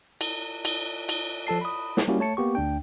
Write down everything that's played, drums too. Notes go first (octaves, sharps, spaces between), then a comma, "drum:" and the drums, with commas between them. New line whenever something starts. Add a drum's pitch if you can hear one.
drum: cymbal
drum: cymbal
drum: cymbal
F3 A4 A5 C7
B5 D#6
drum: snare
G3 A#3 C#4 E4 F#4 G4
A3 C#5 A5 C#7
A#3 B3 G4 C#6
D2 D4 G5